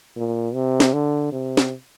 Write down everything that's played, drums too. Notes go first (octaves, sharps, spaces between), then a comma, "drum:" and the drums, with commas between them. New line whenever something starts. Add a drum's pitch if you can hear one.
A#2
C3
drum: snare
D3
C3
drum: snare